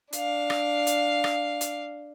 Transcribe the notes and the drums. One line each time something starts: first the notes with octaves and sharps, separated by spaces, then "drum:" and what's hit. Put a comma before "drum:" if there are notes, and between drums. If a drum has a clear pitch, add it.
D4 F5, drum: hi-hat
drum: rim click
drum: hi-hat
drum: rim click
drum: hi-hat